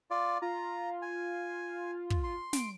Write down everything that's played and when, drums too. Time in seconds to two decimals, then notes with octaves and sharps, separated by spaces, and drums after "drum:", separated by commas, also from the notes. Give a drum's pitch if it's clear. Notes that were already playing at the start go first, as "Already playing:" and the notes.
0.11 F4 D5
0.42 F4 A#5
1.02 G#5
2.10 drum: kick
2.24 C6
2.53 D7, drum: snare